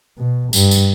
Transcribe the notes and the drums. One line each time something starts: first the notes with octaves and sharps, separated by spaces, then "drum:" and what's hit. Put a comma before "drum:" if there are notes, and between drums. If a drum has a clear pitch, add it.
B2
G2, drum: tambourine
drum: tambourine